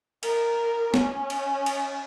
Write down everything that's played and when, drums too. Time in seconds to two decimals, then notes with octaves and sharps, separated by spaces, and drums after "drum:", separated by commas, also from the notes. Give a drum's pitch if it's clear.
0.23 A#4, drum: cymbal
0.94 C#4, drum: snare
1.30 drum: cymbal
1.66 drum: cymbal